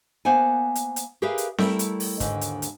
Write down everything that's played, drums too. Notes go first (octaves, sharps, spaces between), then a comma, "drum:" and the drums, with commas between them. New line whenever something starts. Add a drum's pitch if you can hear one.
A#3 B3 C5 F#5 G#5
drum: hi-hat
drum: hi-hat
G4 G#4 A#4 B4 E5 F5
drum: hi-hat
G3 A3 E4 A4 A#4 G5, drum: snare C4
drum: hi-hat
drum: open hi-hat
D#2 G#2 D3, drum: kick, hi-hat
drum: hi-hat
drum: hi-hat